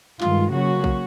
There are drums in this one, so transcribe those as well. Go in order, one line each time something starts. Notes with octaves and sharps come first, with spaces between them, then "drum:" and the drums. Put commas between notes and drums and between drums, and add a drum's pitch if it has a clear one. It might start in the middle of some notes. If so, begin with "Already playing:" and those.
G2 D#3 G#3 F4, drum: clap
C#3 F#3 A#3 C#4 F#4
drum: kick B1